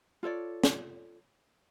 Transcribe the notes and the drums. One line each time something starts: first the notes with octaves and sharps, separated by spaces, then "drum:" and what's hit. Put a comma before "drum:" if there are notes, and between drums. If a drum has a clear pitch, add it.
F4 A4 C#5 D5
drum: snare